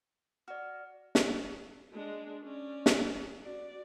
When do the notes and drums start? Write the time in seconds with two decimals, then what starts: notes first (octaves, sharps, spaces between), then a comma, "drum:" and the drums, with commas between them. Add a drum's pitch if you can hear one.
0.48 F#4 D5 F6
1.15 drum: snare
1.92 G#3 D4
2.43 C#4 D5
2.86 drum: snare
3.42 F#4 D5